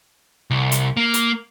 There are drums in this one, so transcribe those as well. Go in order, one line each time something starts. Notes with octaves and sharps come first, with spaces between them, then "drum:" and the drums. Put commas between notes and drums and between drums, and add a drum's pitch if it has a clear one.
C2
drum: hi-hat
A#3
drum: hi-hat